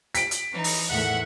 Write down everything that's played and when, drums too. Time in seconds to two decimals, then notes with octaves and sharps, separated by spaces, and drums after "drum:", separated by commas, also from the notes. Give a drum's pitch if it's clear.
0.15 B6 D7, drum: hi-hat
0.31 drum: hi-hat
0.52 E3 D#4
0.64 drum: open hi-hat
0.90 E2 A2 D#3 A3 E5 F#5 F#6